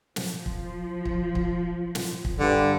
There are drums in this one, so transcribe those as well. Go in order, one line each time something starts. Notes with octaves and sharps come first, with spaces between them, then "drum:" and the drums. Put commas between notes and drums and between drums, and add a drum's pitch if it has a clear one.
F3, drum: snare
drum: kick
drum: kick
drum: kick
drum: snare
drum: kick
G2 D3